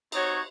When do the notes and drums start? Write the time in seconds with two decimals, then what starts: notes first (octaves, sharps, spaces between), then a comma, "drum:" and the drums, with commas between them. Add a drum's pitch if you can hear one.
0.12 C4 D#4 F#4 C#5, drum: cymbal